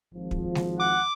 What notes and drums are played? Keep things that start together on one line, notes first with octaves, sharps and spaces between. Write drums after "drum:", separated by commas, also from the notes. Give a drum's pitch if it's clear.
G#1 F3
drum: kick
drum: snare G#3
F#5 D6